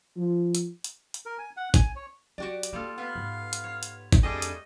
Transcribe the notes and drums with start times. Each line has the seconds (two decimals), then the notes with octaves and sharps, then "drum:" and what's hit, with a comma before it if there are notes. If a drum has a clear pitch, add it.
0.17 F3
0.55 drum: hi-hat
0.84 drum: hi-hat
1.14 drum: hi-hat
1.26 A#4
1.39 G#5
1.57 F#5
1.74 G#5, drum: kick, hi-hat
1.96 C#5
2.38 F#3 F#4 G4 D5
2.63 drum: hi-hat
2.73 G3 A#3 F4 A4
2.98 B3 B4 F5
3.15 G#2
3.53 drum: hi-hat
3.64 C#5
3.83 drum: hi-hat
4.12 drum: kick, hi-hat
4.23 F2 G3 A3 D4 G4 G#4 D#5
4.42 drum: hi-hat